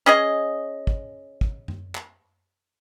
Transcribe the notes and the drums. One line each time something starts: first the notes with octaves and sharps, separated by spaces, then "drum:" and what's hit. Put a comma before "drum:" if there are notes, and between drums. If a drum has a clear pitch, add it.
C#4 G#4 D#5
drum: kick
drum: kick
drum: tom F#2
drum: clap